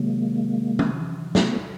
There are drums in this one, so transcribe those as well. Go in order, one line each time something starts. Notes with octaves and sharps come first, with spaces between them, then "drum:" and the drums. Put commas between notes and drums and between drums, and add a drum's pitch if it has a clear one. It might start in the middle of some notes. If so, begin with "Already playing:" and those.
Already playing: C3 D#3 F#3 G#3 A#3
drum: tom E3
A3 B3, drum: snare